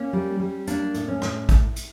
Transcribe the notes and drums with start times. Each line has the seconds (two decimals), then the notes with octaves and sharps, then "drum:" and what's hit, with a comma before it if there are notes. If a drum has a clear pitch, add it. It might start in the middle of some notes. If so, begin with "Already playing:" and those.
Already playing: A#3 C#4
0.13 G3
0.39 G3
0.67 A#3 D4, drum: hi-hat
0.94 A2, drum: hi-hat
1.08 C#4
1.22 A2, drum: rim click
1.49 drum: kick, hi-hat
1.76 drum: hi-hat